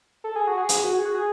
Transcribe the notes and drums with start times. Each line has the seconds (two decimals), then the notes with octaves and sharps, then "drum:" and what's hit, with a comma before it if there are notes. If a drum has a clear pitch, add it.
0.24 A4
0.36 G#4
0.47 F#4
0.58 G#4
0.69 drum: hi-hat
0.84 F#4
0.94 G#4
1.05 F#4
1.15 G#4